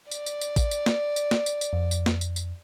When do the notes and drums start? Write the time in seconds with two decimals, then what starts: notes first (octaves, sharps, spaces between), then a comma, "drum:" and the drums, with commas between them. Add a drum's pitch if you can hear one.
0.11 D5, drum: tambourine
0.26 drum: tambourine
0.41 drum: tambourine
0.56 drum: kick A1, tambourine
0.71 drum: tambourine
0.86 drum: snare
1.16 drum: tambourine
1.31 drum: snare
1.46 drum: tambourine
1.61 drum: tambourine
1.73 F2
1.91 drum: tambourine
2.06 drum: snare
2.21 drum: tambourine
2.36 drum: tambourine